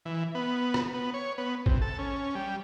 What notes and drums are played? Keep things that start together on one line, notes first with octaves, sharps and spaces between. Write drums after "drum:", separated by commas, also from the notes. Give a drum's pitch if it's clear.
E3
B3
drum: rim click
B3
C#5
B3
C3, drum: kick A1
A4
C#4
G3